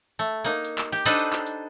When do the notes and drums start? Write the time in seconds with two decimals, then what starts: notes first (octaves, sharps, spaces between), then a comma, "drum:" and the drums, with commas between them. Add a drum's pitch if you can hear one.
0.19 A3
0.44 A#3 D#4
0.65 drum: hi-hat
0.78 drum: clap
0.92 G4, drum: open hi-hat
1.05 D4 D#4 A4 B4 C5 D#5, drum: hi-hat
1.19 drum: hi-hat
1.33 drum: clap
1.46 drum: hi-hat